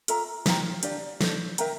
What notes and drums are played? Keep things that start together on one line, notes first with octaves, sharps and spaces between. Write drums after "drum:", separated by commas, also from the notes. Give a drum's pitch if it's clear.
F4 A4 E5 A#5, drum: hi-hat
F4 C5 G5 A#5, drum: snare
D4 G4 D5 F5, drum: hi-hat
D4 A4 C5, drum: snare
A#4 E5 G5 A#5, drum: hi-hat